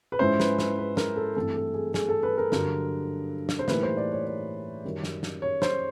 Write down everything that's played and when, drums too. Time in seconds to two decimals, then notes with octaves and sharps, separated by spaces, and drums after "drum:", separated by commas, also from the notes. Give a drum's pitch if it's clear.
0.12 B4
0.19 G#2 F3 G#3 C#4 E4 C5
0.40 B4, drum: snare
0.59 B4, drum: snare
0.78 B4
0.97 A#4, drum: snare
1.16 A4
1.36 G2 E3 A3 C4 E4 A4
1.56 A4
1.74 G#4
1.94 G#4, drum: snare
2.09 A4
2.23 B4
2.38 A#4
2.52 G2 D3 F#3 A#4, drum: snare
3.49 drum: snare
3.59 C5
3.68 A2 E3 G3 A#3 D#4 B4, drum: snare
3.83 C5
3.97 D5
4.12 C#5
4.26 C#5
4.85 F#2 D#3 G3
5.04 drum: snare
5.23 drum: snare
5.42 C#5
5.62 C5, drum: snare